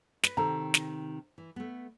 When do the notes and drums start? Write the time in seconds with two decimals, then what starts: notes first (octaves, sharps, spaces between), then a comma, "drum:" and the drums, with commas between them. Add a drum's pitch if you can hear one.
0.23 B4, drum: snare
0.37 C3 D#3 A4 C5 A#5
0.74 drum: snare
1.38 E3
1.56 A3 B3